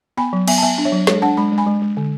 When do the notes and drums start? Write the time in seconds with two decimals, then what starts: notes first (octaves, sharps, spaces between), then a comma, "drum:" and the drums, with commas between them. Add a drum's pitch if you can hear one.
0.17 B3 G#5 B5
0.33 F#3
0.48 B3 E5 G#5, drum: cymbal
0.58 A5
0.63 B3 E5 G#5
0.78 D4
0.85 C#5 E5
0.92 F#3
1.07 G#3 A4 C#5, drum: snare
1.22 D4 F#5 A5
1.37 G#3 B5
1.52 G#3
1.58 G#5 B5
1.66 G#3
1.82 G#3
1.97 D3